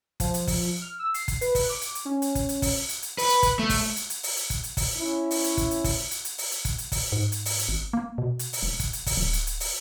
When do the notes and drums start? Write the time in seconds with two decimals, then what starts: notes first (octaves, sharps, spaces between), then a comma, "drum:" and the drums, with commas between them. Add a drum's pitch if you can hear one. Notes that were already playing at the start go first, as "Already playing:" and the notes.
0.20 F3, drum: kick, hi-hat
0.34 drum: hi-hat
0.47 drum: kick, open hi-hat
0.82 F6
0.99 E6
1.14 C7, drum: hi-hat
1.28 drum: kick, hi-hat
1.41 B4, drum: hi-hat
1.55 drum: kick, open hi-hat
1.69 D6
1.82 drum: hi-hat
1.95 drum: hi-hat
2.05 C#4
2.22 drum: hi-hat
2.35 drum: kick, hi-hat
2.49 drum: hi-hat
2.62 drum: kick, open hi-hat
2.89 drum: hi-hat
3.02 drum: hi-hat
3.18 B4, drum: open hi-hat
3.29 drum: hi-hat
3.43 drum: kick, hi-hat
3.59 A3
3.70 drum: kick, open hi-hat
3.96 drum: hi-hat
4.10 drum: hi-hat
4.23 drum: open hi-hat
4.37 drum: hi-hat
4.50 drum: kick, hi-hat
4.63 drum: hi-hat
4.77 drum: kick, open hi-hat
4.97 C#4 E4
5.31 drum: open hi-hat
5.44 drum: hi-hat
5.57 drum: kick, hi-hat
5.71 drum: hi-hat
5.84 drum: kick, open hi-hat
6.11 drum: hi-hat
6.25 drum: hi-hat
6.38 drum: open hi-hat
6.51 drum: hi-hat
6.65 drum: kick, hi-hat
6.78 drum: hi-hat
6.92 drum: kick, open hi-hat
7.12 G#2
7.32 drum: hi-hat
7.45 drum: open hi-hat
7.59 drum: hi-hat
7.69 G#1
7.93 A#3
8.18 B2
8.39 drum: hi-hat
8.53 drum: open hi-hat
8.63 E1
8.80 drum: kick, hi-hat
8.93 drum: hi-hat
9.06 drum: kick, open hi-hat
9.17 D1
9.33 drum: hi-hat
9.47 drum: hi-hat
9.60 drum: open hi-hat